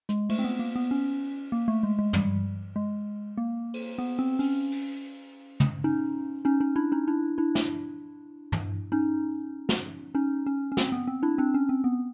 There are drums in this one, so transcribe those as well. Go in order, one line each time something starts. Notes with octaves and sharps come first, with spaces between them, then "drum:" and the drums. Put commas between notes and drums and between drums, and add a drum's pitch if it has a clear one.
G#3, drum: hi-hat
A3, drum: cymbal
C4
B3
A#3
B3
C#4
A#3
A3
G#3
G#3
G3, drum: tom
G#3
A#3
drum: cymbal
B3
C4
C#4, drum: open hi-hat
drum: open hi-hat
drum: tom
C#4 D#4
C#4 D#4
C#4 D#4
D4 E4
C#4 D#4
D4 E4
D4 E4
drum: snare
drum: tom
C#4 D#4
drum: snare
C#4 D#4
C#4
C#4
C4, drum: snare
B3
C4
D4 E4
C4 D4
C#4
C4
B3